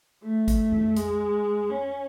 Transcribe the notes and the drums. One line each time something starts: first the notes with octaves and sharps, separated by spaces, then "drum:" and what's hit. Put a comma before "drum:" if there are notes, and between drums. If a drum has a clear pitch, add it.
A3
drum: kick G#1, hi-hat
drum: tom F2
G#3, drum: hi-hat
C#4